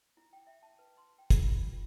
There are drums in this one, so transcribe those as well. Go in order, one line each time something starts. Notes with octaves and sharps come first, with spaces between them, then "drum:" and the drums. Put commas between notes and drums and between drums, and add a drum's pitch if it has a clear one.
E4
G5
E5
A5
B4
C6
G5
drum: kick, hi-hat
F4
F4